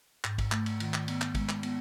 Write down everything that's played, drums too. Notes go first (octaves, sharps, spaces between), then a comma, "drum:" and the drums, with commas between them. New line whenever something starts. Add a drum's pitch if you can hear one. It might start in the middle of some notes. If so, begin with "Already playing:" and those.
G#2, drum: clap
drum: kick, cymbal
A3, drum: clap
drum: cymbal
D#3, drum: cymbal
drum: clap
B3, drum: cymbal
drum: clap
G#3, drum: kick, cymbal
drum: clap
B3, drum: cymbal